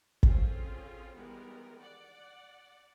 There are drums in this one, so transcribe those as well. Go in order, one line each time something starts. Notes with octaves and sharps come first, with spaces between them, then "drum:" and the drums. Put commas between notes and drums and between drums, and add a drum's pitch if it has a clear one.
C4 C#4 F4 G#4 A4 C5, drum: kick
D#3 E3 G3 G#3 B3 A#4
D5 F#5